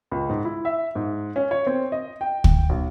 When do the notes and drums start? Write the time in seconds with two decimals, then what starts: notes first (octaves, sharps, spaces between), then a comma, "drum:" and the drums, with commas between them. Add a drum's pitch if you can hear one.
0.11 C#2
0.29 G#2
0.45 E4
0.65 E5
0.95 G#2
1.36 C#4
1.51 C#5
1.67 C4
1.92 D#5
2.21 G5
2.44 drum: kick
2.69 B1